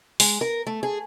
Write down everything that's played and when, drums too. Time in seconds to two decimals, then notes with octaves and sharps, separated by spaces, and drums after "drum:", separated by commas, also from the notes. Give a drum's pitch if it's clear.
0.20 G#3, drum: open hi-hat
0.41 A#4
0.67 A3
0.83 G#4